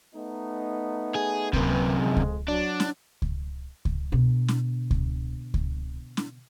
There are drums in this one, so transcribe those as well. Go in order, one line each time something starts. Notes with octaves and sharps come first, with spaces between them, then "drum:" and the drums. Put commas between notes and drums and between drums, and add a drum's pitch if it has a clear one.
A3 B3 D#4
G#4
F#2 C3 A#3 B4, drum: kick C#2
F2 G#3
drum: kick C#2
F#3 D4
drum: snare
drum: kick C#2
drum: kick C#2
B2 D3
drum: snare
drum: kick C#2
drum: kick C#2
drum: snare